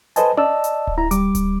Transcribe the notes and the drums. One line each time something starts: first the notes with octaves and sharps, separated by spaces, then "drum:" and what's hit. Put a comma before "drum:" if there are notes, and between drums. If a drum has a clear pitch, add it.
A4 B4 C5 D#5 G#5 A5, drum: hi-hat
D5 D#5 A5 E6, drum: tom C#4
drum: hi-hat
drum: kick D1
E4 A#5
G3 D6, drum: hi-hat
drum: kick D1, hi-hat